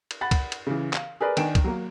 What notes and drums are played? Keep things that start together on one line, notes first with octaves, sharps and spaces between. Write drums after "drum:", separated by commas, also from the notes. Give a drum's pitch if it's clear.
drum: cymbal
F#5 B5 A6
drum: kick C2, cymbal
drum: cymbal
C#3 E3
F5, drum: clap
G#4 A#4 B4 D5
D#3 D4 G#5 D7 E7, drum: cymbal
drum: kick C2, cymbal
F#3 A#3